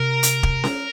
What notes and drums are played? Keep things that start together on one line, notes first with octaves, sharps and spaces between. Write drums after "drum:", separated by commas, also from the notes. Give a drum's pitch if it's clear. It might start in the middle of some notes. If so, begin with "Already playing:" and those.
Already playing: C3 A#4
drum: hi-hat
drum: kick
drum: snare C#4